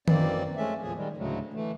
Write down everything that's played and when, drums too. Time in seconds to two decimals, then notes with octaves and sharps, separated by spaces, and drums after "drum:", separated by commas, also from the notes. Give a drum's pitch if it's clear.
0.08 F#2 D#3 E3 A#3 C4 D5, drum: tom D#3
0.56 G#3 A3 C#4 E5
0.82 E2 A#2 F3 G#4
0.96 D#3 G3 G#3
1.17 D2 A2 C#3 F#3 G#3 A3
1.53 E3 A3